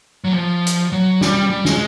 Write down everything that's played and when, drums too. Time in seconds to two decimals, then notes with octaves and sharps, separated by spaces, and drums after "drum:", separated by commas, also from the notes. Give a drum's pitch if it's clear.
0.24 F#3
0.34 F3
0.66 drum: hi-hat
0.92 F#3
1.21 G3, drum: snare
1.50 G3
1.65 G#3, drum: snare